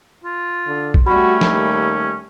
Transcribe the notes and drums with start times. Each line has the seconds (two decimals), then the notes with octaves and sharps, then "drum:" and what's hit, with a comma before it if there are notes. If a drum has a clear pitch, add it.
0.24 F4
0.67 D3
0.94 drum: kick A#1
1.07 G3 A3 C#4 F#4 B5
1.41 D#2, drum: snare